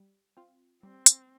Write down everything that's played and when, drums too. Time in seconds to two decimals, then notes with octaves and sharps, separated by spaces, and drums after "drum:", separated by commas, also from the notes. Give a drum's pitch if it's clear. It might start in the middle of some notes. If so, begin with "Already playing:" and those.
Already playing: G3
0.37 C4 F4
0.83 G3 C4
1.06 drum: hi-hat